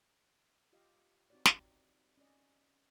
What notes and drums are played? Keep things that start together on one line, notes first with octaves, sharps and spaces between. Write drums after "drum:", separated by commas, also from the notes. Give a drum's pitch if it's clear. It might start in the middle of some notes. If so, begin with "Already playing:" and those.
F4 G4 D#5 F5
C4 D#4 F#4 G4 C#5 D5
D#4, drum: snare
C#4 D5 D#5